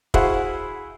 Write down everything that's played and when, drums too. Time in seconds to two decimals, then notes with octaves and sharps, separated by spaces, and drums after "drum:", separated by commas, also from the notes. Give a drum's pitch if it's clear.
0.14 E4 F#4 G#4 C5 F5 F#5, drum: kick